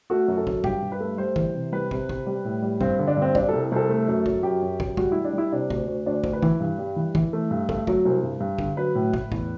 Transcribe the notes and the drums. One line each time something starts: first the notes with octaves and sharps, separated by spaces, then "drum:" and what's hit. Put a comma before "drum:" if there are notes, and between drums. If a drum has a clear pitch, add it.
A3 F#4
F#2
A4
F#2, drum: kick
G2 G4, drum: kick
G2
B4
A3
G3 C5
E3, drum: kick
C3
G3 B4
C3, drum: kick
C3, drum: kick
G3
A2
G3
G2 C4, drum: kick
D3
D4
G2 C4
G3 D4, drum: kick
C2 A4
C2 A4
A3
F#2
F#3, drum: kick
F#2 G4
F#2
F#2, drum: kick
G3 F#4, drum: kick
G3 E4
D4
G3 E4
C3 D4
D2, drum: kick
D2
D2 D4
D2, drum: kick
B4
E3, drum: kick
G2
G3
E3
E3, drum: kick
A3
G2
A3, drum: kick
F#3, drum: kick
C2
G2
G2
D3, drum: kick
F#3 B4
A2
A2, drum: kick
E2, drum: kick